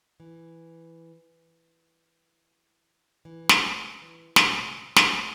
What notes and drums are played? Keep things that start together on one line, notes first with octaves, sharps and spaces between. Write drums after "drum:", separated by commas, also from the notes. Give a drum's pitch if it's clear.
E3
E3
drum: snare
E3
drum: snare
A#2
B2
C#3
drum: snare